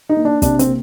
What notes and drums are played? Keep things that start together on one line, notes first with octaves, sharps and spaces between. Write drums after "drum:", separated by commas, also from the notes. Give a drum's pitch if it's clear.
D#4
A#3
D4
C3 D4, drum: kick, hi-hat
C4, drum: hi-hat
A#3